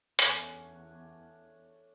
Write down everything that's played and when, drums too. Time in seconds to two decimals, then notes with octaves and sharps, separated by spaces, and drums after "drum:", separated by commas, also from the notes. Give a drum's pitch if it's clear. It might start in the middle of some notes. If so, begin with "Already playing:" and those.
0.19 E2 A3 C#4 D4, drum: hi-hat